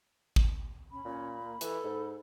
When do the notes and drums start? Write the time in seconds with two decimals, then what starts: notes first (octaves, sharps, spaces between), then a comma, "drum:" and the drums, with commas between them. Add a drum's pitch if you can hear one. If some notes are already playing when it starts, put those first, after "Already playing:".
0.36 drum: kick
0.92 C#4 B5
1.05 A#2 C#4
1.40 A#3
1.61 E3 A4, drum: hi-hat
1.84 G#2